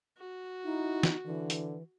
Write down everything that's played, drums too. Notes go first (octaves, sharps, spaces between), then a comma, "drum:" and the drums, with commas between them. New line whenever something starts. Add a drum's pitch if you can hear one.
F#4
D#4 E4
drum: snare
D3 E3
drum: hi-hat